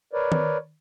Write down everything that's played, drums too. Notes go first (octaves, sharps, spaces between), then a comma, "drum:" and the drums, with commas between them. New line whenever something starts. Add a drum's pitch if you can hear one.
A#4 B4 C#5 D5
drum: tom D#3